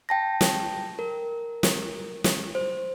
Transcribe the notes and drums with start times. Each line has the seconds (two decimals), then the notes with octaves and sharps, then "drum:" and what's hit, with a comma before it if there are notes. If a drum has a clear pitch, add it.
0.09 G5 A5 A#6
0.41 drum: snare
0.99 A#4
1.63 drum: snare
2.24 drum: snare
2.55 C5